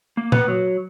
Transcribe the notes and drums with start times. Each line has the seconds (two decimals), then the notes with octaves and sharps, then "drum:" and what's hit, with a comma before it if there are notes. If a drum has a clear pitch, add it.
0.17 A#3
0.32 B4, drum: tom A#2
0.48 F#3